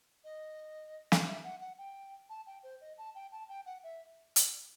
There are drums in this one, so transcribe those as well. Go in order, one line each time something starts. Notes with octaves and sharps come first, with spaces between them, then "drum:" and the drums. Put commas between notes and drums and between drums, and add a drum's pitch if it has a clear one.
D#5
drum: snare
E5
F#5
F#5
G5
A5
G5
C5
D#5
A5
G5
A5
G5
F#5
E5
drum: hi-hat